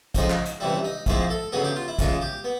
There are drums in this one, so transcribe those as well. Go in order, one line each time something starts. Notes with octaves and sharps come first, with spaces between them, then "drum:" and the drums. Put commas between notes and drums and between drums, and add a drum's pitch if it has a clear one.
F2 C#3 F3 G#3 D#4, drum: kick, hi-hat
drum: clap
drum: hi-hat
C#2 C3 E3 G3 E4
D#4
G#2 F3 G#3 C4 E4, drum: kick, hi-hat
A4
D2 C#3 F#3 B3 G#4
G4
F4
E4
E2 C#3 E3 G#3 F4, drum: kick, hi-hat
G4
B3